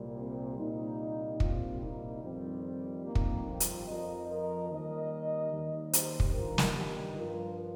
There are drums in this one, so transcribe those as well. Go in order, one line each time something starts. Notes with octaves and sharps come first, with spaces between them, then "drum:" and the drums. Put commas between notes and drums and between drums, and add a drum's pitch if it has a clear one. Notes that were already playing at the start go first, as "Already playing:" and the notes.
Already playing: C2 A#2 G3
C4
C2 A#2 G3 A#3 D#4
C2 A#2 G3 C4 F4, drum: kick
A#3 D#4
F2 D#3 G3 C4
F2 D#3 G3 A#3 D#4
drum: kick
C4 F4
drum: hi-hat
F2 F3 A#4 D#5
A#4 D#5
D#2 D#3 G3 A#4 D#5
D#2 D#3 G3
G4 C5, drum: hi-hat
drum: kick
G2 D#3 G3 F4 A#4
drum: snare
D#4 G4
G2 F3 F4 A#4